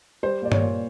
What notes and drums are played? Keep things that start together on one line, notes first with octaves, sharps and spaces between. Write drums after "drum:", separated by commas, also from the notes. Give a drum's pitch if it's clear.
G3 C5
A#2 D5
C#5, drum: tom G2
A#2